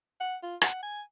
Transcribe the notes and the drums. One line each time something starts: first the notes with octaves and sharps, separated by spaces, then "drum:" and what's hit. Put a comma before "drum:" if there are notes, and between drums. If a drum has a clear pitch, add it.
F#5
F4
F#5, drum: rim click
G#5